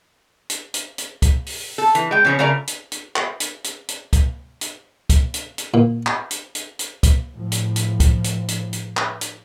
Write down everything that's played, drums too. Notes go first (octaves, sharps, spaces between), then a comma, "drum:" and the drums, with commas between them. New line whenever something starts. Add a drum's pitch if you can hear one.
drum: hi-hat
drum: hi-hat
drum: hi-hat
drum: kick, hi-hat
drum: open hi-hat
A4
E3, drum: hi-hat
G#3 G5
C#3 F3 C#4
C#3 A3 F4 A#4 D5 A#5
drum: hi-hat
drum: hi-hat
drum: clap
drum: hi-hat
drum: hi-hat
drum: hi-hat
drum: kick, hi-hat
drum: hi-hat
drum: kick, hi-hat
drum: hi-hat
drum: hi-hat
A#2
drum: clap
drum: hi-hat
drum: hi-hat
drum: hi-hat
drum: kick, hi-hat
A2 F3
drum: hi-hat
drum: hi-hat
drum: kick, hi-hat
drum: hi-hat
drum: hi-hat
drum: hi-hat
drum: clap
drum: hi-hat